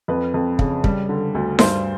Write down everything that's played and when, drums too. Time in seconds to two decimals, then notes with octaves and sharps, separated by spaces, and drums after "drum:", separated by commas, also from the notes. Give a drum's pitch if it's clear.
0.08 F2 B4
0.34 F2
0.59 C#3, drum: kick
0.84 G3, drum: kick
1.09 D3
1.35 D2
1.59 G2 C5, drum: snare D#4